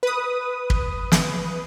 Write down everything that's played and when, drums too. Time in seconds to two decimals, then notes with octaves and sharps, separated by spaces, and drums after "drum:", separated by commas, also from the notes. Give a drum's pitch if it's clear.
0.03 B4 D#6
0.70 drum: kick
1.12 drum: snare